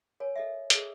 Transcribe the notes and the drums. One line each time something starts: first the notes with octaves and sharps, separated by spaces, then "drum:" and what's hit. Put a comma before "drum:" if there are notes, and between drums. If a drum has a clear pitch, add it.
A#4 C#5 G#5
A4 D#5 E5
G#4 A4 E6, drum: hi-hat